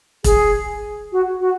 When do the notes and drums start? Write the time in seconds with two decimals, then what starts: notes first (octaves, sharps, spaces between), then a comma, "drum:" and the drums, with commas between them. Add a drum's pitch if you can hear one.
0.24 G#4, drum: kick E1, hi-hat
1.12 F#4
1.41 F#4